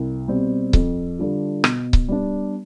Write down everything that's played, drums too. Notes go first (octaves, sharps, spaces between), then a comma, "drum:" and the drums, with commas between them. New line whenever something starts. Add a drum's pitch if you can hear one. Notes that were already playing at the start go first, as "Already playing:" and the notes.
Already playing: C2
B2 G3 C4
F2, drum: kick C#1
D3 G3 D4 F4
B2, drum: rim click
drum: kick C#1
G3 B3 D4